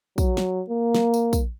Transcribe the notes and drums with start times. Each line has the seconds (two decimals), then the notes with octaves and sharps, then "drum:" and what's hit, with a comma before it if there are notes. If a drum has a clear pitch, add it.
0.18 F#3, drum: kick, tambourine
0.37 drum: snare
0.70 A#3
0.95 drum: snare
1.14 drum: tambourine
1.33 drum: kick, tambourine